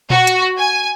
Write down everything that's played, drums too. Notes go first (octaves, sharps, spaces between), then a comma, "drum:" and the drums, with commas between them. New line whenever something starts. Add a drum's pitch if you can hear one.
F#4, drum: tom A#2
drum: hi-hat
G#5